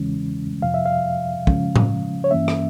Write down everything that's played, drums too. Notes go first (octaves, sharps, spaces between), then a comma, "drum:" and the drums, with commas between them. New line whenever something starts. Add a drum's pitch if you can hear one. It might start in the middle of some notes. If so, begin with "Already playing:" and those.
Already playing: E2 C#3 E3 G#3 C#4
F2 C3 F3 F5
E5
F5
C#3 F3 G#3 C#4, drum: kick
drum: tom A2
C#5
G2 E3 A#3 C#4 E5
drum: rim click